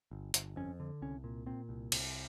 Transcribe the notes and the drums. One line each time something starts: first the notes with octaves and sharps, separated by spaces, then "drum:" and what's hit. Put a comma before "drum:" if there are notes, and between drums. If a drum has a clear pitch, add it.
G1
G1, drum: hi-hat
F2 C#4
D3
C2 C#4
A#2
A#2 C4
C2
C2, drum: cymbal